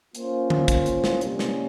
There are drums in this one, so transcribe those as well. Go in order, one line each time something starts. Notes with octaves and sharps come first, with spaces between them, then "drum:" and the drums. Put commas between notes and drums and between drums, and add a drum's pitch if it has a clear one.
A#3 C#4 F4 C5, drum: hi-hat
drum: tom D3
drum: kick, hi-hat
drum: hi-hat
drum: snare
C3 G3 A#3 C#4, drum: hi-hat
drum: snare